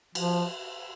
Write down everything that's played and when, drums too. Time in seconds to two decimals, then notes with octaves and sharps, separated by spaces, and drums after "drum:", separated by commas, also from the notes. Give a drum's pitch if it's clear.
0.15 F3, drum: cymbal